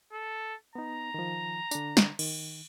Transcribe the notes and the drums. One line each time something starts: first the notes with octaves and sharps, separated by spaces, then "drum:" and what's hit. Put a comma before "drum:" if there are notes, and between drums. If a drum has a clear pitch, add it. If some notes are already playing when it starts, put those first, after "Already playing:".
A4
B3 D#4 A#5
D#3 F3
D3 D4, drum: tambourine
drum: snare
D#3, drum: cymbal